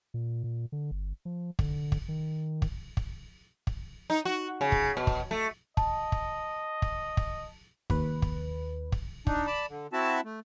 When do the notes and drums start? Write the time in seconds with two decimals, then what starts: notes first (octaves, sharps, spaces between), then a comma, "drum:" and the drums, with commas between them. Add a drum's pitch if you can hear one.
0.14 A#2
0.44 A#2
0.72 D3
0.91 G1
1.25 F3
1.59 D3, drum: kick
1.92 drum: kick
2.08 D#3
2.62 drum: kick
2.97 drum: kick
3.67 drum: kick
4.10 D#4
4.25 F#4
4.61 C#3
4.72 drum: kick
4.97 B2
5.07 drum: kick
5.31 A3
5.77 D#5 A5, drum: kick
6.12 drum: kick
6.82 drum: kick
7.17 drum: kick
7.90 D#2 B4, drum: kick
8.22 drum: kick
8.92 drum: kick
9.27 D4 D#4, drum: kick
9.47 D5 A5 B5
9.69 D3
9.93 C4 E4 F#4 E5 A5
10.25 A3